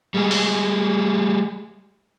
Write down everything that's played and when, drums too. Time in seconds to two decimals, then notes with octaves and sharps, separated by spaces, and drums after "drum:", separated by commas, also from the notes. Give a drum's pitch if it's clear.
0.14 G3 G#3 G#4
0.31 drum: open hi-hat